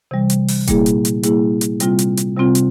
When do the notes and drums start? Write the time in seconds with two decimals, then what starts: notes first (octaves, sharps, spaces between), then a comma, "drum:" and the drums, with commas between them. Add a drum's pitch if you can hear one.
0.11 C3 E3 G3
0.30 drum: hi-hat
0.48 drum: open hi-hat
0.67 A#2 G3 A#3 E4 G#4, drum: kick F1, hi-hat
0.86 drum: hi-hat
1.05 drum: hi-hat
1.23 A#2 G3 A#3 E4 G#4, drum: hi-hat
1.61 drum: hi-hat
1.80 C3 G3 C4 F4, drum: hi-hat
1.99 drum: hi-hat
2.17 drum: hi-hat
2.37 C3 G3 C4 F4
2.55 drum: hi-hat